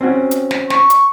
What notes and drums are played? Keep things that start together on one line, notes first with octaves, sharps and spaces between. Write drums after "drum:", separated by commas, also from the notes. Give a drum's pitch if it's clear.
C4 C#4 F#4
drum: hi-hat
drum: snare
C#6, drum: snare
drum: hi-hat